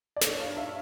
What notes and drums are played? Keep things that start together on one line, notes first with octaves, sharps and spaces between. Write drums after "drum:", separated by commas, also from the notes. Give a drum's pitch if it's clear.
D5
G2 C#5, drum: snare
G2 F5
G2 E5